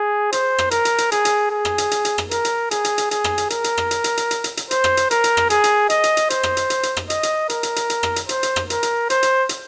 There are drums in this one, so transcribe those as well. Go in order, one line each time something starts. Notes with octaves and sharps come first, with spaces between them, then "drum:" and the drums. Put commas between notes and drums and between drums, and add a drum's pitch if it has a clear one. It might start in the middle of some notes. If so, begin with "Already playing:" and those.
Already playing: G#4
C5, drum: hi-hat
drum: rim click
A#4, drum: hi-hat
drum: hi-hat
drum: hi-hat
G#4, drum: hi-hat
drum: hi-hat
G#4
drum: rim click
drum: hi-hat
drum: hi-hat
drum: hi-hat
drum: rim click
A#4, drum: hi-hat
drum: hi-hat
G#4, drum: hi-hat
drum: hi-hat
drum: hi-hat
G#4, drum: hi-hat
drum: rim click
drum: hi-hat
A#4, drum: hi-hat
drum: hi-hat
drum: rim click
drum: hi-hat
drum: hi-hat
drum: hi-hat
drum: hi-hat
drum: hi-hat
drum: hi-hat
C5, drum: hi-hat
drum: rim click
drum: hi-hat
A#4, drum: hi-hat
drum: hi-hat
drum: rim click
G#4, drum: hi-hat
drum: hi-hat
D#5, drum: hi-hat
drum: hi-hat
drum: hi-hat
C5, drum: hi-hat
drum: rim click
drum: hi-hat
drum: hi-hat
drum: hi-hat
drum: rim click
D#5, drum: hi-hat
drum: hi-hat
A#4, drum: hi-hat
drum: hi-hat
drum: hi-hat
drum: hi-hat
drum: rim click
drum: hi-hat
C5, drum: hi-hat
drum: hi-hat
drum: rim click
A#4, drum: hi-hat
drum: hi-hat
C5, drum: hi-hat
drum: hi-hat
drum: hi-hat